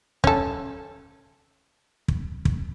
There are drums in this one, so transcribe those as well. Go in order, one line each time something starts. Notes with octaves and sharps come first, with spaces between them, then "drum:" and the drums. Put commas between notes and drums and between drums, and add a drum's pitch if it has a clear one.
C#4 A4, drum: kick
drum: kick
drum: kick